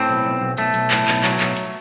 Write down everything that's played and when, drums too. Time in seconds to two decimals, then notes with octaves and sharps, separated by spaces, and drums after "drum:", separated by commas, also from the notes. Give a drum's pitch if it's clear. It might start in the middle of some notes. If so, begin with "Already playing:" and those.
Already playing: A2 C4
0.09 B1
0.25 B1
0.41 B1
0.57 B1 A3, drum: hi-hat
0.74 B1, drum: hi-hat
0.91 A2, drum: clap
1.08 B1, drum: clap
1.23 F#3, drum: clap
1.40 B1, drum: clap
1.57 drum: hi-hat